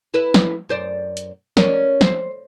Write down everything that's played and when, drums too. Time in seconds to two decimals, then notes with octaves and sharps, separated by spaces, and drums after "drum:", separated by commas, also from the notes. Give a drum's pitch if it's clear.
0.14 E4 B4 E5
0.34 drum: snare
0.69 F#2 C5 D5
1.17 drum: hi-hat
1.57 C#4 A#4 D5, drum: snare
2.01 C5, drum: snare